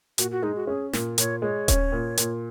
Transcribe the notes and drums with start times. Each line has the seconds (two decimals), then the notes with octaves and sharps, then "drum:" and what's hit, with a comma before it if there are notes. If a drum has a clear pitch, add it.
0.18 A#2 F#4, drum: hi-hat
0.31 F#4
0.42 G#3 D#4
0.56 F#4
0.67 C#4 G#4
0.93 A#2, drum: snare
1.18 A#2 C#5, drum: hi-hat
1.42 G#3 C#5
1.68 C#4, drum: kick D#1, hi-hat
1.92 A#2
2.17 A#2, drum: hi-hat